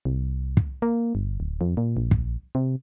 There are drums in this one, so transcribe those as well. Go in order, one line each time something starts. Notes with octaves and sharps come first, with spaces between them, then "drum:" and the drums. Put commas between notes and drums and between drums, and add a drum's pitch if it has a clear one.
C2
drum: kick
A#3
G1
D1
F2
A#2
A#1
drum: kick
C3